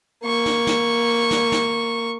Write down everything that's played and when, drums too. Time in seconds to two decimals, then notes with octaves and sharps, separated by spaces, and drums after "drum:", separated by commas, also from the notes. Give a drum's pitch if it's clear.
0.24 A#3 C#6
0.46 drum: snare
0.67 drum: snare
1.31 drum: snare
1.52 drum: snare